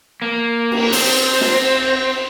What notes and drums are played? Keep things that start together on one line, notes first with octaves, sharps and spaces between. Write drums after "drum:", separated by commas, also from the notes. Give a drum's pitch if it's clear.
A#3
drum: cymbal
C4, drum: open hi-hat
drum: snare